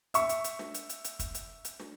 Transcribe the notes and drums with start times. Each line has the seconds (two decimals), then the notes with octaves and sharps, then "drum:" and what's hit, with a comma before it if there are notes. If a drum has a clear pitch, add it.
0.14 E5 C#6, drum: hi-hat
0.29 drum: hi-hat
0.44 drum: hi-hat
0.59 drum: snare
0.74 drum: hi-hat
0.89 drum: hi-hat
1.04 drum: hi-hat
1.19 drum: kick, hi-hat
1.34 drum: hi-hat
1.65 drum: hi-hat
1.80 drum: snare